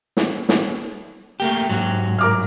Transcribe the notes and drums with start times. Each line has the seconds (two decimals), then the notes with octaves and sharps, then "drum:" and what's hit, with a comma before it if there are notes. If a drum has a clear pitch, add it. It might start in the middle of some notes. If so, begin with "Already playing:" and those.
0.17 drum: snare
0.49 drum: snare
1.40 A3 A#3 G4
1.69 G#2 F#3
2.19 A#4 D6 F6